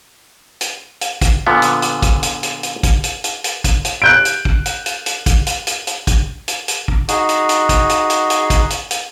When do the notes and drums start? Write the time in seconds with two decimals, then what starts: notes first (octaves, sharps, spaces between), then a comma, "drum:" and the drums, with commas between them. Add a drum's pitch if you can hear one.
0.61 drum: hi-hat
1.01 drum: hi-hat
1.21 drum: kick, hi-hat
1.47 A#2 D3 F3 B3
1.62 drum: hi-hat
1.82 drum: hi-hat
2.02 drum: kick, hi-hat
2.23 drum: hi-hat
2.43 drum: hi-hat
2.63 drum: hi-hat
2.83 drum: kick, hi-hat
3.04 drum: hi-hat
3.24 drum: hi-hat
3.44 drum: hi-hat
3.64 drum: kick, hi-hat
3.85 drum: hi-hat
4.02 F#6 G6 D7
4.25 drum: hi-hat
4.45 drum: kick
4.66 drum: hi-hat
4.86 drum: hi-hat
5.06 drum: hi-hat
5.26 drum: kick, hi-hat
5.47 drum: hi-hat
5.67 drum: hi-hat
5.87 drum: hi-hat
6.07 drum: kick, hi-hat
6.48 drum: hi-hat
6.68 drum: hi-hat
6.88 drum: kick
7.08 D#4 F#4 G#4, drum: hi-hat
7.29 drum: hi-hat
7.49 drum: hi-hat
7.69 drum: kick, hi-hat
7.89 drum: hi-hat
8.10 drum: hi-hat
8.30 drum: hi-hat
8.50 drum: kick, hi-hat
8.70 drum: hi-hat
8.91 drum: hi-hat